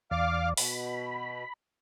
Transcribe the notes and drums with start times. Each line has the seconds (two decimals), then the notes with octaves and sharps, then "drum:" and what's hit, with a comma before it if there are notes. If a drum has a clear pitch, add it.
0.11 E2 D5 F5 D6 F6
0.57 B2 B5, drum: open hi-hat